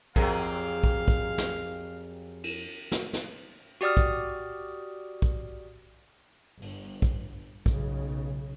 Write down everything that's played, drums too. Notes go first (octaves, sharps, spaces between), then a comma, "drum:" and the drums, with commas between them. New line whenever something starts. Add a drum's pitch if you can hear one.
F2 F#3 C4 G4 G#4 A#4 F5, drum: kick
drum: kick
drum: kick
drum: snare
drum: cymbal
drum: snare
drum: snare
F#4 G4 D5 D#6 F6, drum: hi-hat
drum: kick
drum: kick
G1, drum: open hi-hat
drum: kick
B1 C#3, drum: kick